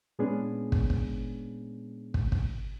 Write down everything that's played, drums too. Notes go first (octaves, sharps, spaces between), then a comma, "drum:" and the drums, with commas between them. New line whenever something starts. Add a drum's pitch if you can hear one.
A#2 G#3 B3 C#4 D4 G#4
drum: kick
drum: kick
drum: kick
drum: kick